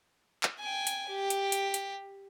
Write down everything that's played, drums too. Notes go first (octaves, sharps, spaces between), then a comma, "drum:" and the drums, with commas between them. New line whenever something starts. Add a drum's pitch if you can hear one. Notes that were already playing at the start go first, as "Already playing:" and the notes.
drum: clap
G5 G#5
drum: hi-hat
G4
drum: hi-hat
drum: hi-hat
drum: hi-hat